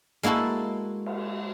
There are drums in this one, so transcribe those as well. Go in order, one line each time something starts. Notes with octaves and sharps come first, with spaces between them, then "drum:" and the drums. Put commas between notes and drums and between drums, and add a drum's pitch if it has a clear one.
G#3 A#3 E4 F#4 A4
drum: cymbal